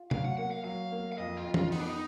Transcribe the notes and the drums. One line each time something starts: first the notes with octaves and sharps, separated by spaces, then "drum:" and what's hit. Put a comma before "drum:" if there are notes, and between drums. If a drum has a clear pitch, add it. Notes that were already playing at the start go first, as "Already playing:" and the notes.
Already playing: F4
F#3 F5, drum: tom C3
F#5
A#3 F#5
F5
F#3 F5
A#3
F5
F2 D#5
F4
F2
F4, drum: tom
B3 D#4, drum: open hi-hat
D4
D#4